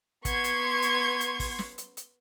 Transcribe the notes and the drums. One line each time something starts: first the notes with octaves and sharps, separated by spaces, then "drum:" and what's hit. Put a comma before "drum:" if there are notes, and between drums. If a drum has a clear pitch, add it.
B3 C6 C#6 G#6, drum: kick, hi-hat
drum: hi-hat
drum: hi-hat
drum: hi-hat
drum: kick, open hi-hat
drum: snare
drum: hi-hat
drum: hi-hat